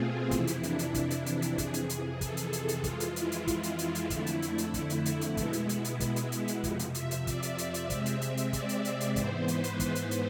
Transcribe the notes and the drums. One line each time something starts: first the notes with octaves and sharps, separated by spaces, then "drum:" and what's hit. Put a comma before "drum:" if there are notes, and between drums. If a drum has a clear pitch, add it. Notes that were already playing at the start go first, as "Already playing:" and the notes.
Already playing: B2 A3 C4 F4 G#4
F2 C3 E3 E4, drum: kick, hi-hat
drum: hi-hat
D4, drum: hi-hat
drum: hi-hat
E4, drum: kick, hi-hat
drum: hi-hat
drum: hi-hat
drum: hi-hat
F2 C3 E3 G#4, drum: kick, hi-hat
drum: hi-hat
drum: hi-hat
A4, drum: kick, hi-hat
drum: hi-hat
A4, drum: hi-hat
drum: hi-hat
F2 E3 G#3 F4, drum: kick, hi-hat
drum: hi-hat
E4, drum: hi-hat
drum: hi-hat
drum: kick, hi-hat
drum: hi-hat
F4, drum: hi-hat
drum: hi-hat
F2 D3 A3 E4, drum: kick, hi-hat
drum: hi-hat
drum: hi-hat
drum: hi-hat
drum: kick, hi-hat
drum: hi-hat
drum: hi-hat
drum: hi-hat
B2 G#3 B3 E4, drum: kick, hi-hat
drum: hi-hat
E4, drum: hi-hat
drum: hi-hat
drum: kick, hi-hat
drum: hi-hat
drum: hi-hat
drum: hi-hat
F2 C3 F3, drum: kick, hi-hat
drum: hi-hat
E5, drum: hi-hat
drum: hi-hat
D5, drum: kick, hi-hat
drum: hi-hat
drum: hi-hat
drum: hi-hat
C3 G#3 C4 E5, drum: kick, hi-hat
drum: hi-hat
drum: hi-hat
drum: hi-hat
D5, drum: kick, hi-hat
drum: hi-hat
drum: hi-hat
drum: hi-hat
G#2 E3 B3 C5, drum: kick, hi-hat
B4, drum: hi-hat
drum: hi-hat
C5, drum: kick, hi-hat
drum: hi-hat
drum: hi-hat